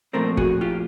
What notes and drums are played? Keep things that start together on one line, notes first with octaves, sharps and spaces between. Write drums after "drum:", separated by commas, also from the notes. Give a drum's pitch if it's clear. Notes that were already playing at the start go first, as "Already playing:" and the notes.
A#2 F3 A3 C4 A#4 C5
F#4 G#4, drum: kick G1
F4 G4